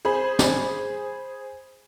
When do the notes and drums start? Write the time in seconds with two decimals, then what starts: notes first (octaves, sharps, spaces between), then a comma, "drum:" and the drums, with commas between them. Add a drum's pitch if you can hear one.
0.05 G#4 C5 B5
0.39 drum: snare